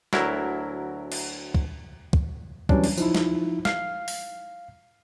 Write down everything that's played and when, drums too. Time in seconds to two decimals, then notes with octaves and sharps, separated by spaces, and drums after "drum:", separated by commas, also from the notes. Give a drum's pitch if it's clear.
0.13 D2 F#3 E4 A#4, drum: snare
1.12 drum: cymbal
1.55 drum: kick
2.13 drum: kick
2.69 E3 F#3 G3 C#4 D4, drum: kick
2.84 drum: cymbal
2.97 F3 D#4 E4, drum: tambourine
3.14 drum: snare
3.65 F5 C7, drum: snare
4.08 drum: open hi-hat